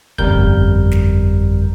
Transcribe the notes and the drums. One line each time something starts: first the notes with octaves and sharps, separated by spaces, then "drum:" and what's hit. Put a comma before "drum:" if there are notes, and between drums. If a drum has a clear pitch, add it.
G1 F2 G3 A#4 G6, drum: kick
drum: snare